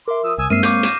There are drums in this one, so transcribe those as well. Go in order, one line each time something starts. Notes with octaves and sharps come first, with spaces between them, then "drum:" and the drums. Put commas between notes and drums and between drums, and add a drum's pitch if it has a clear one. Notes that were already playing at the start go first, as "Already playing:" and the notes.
A#4 E5 C6 D6
F3 D#6 E6
C2 G#5 D#6 E6
G2 G#3 A#3 C4 E5 F6 C7 D#7
C#5 F5 D6 E6 F6 G6, drum: hi-hat
A#6 D#7 E7, drum: hi-hat